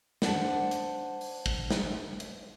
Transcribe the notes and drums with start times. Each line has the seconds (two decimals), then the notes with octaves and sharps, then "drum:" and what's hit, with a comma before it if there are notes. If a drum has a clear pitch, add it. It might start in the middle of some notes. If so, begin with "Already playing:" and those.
0.22 D4 C5 D5 F#5, drum: snare
0.71 drum: hi-hat
1.21 drum: open hi-hat
1.46 drum: kick
1.71 drum: snare
2.20 drum: hi-hat